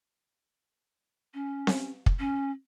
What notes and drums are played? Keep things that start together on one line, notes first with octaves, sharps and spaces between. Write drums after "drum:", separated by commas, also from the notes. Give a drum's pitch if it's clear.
C#4
drum: snare C4
drum: kick
C#4